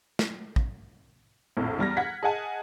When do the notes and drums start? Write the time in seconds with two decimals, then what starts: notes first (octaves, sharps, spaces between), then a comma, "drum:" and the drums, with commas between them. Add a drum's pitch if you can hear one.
0.19 drum: snare
0.56 drum: kick A1
1.57 A#1 F2 A2
1.79 E2 G3 F6 A#6
1.97 F#5 G#6 B6
2.23 G#4 D#5 F#5 G#5 A5